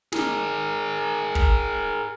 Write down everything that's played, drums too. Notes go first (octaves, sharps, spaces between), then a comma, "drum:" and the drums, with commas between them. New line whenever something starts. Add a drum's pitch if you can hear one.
G#4 A#4, drum: snare
drum: kick